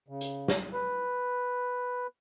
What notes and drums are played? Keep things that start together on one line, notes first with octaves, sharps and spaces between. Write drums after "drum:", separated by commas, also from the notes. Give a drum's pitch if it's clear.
C#3
drum: hi-hat
drum: snare
B4